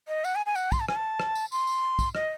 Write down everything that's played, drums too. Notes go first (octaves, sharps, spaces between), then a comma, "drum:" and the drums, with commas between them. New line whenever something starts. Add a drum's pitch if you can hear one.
D#5
F#5, drum: tambourine
G#5
G#5
F#5, drum: tambourine
C6, drum: kick, tambourine
A5
G#5, drum: rim click
A5
drum: rim click
drum: tambourine
C6, drum: tambourine
drum: tambourine
drum: kick, tambourine
D#5, drum: rim click